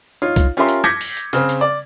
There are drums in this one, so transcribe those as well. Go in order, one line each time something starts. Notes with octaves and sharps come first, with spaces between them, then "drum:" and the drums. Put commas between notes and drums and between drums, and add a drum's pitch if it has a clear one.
D#4 F4 C#5
drum: kick, hi-hat
C#4 F4 G4 A#4 E5 C6
drum: hi-hat
D6 G6 G#6 A#6 B6 C#7, drum: rim click
drum: open hi-hat
drum: hi-hat
C#3 C4, drum: hi-hat
drum: hi-hat
D5